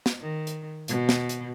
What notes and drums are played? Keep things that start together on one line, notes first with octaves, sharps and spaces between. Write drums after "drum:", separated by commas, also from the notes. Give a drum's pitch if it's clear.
drum: snare
D#3
drum: hi-hat
B2, drum: hi-hat
drum: snare
drum: hi-hat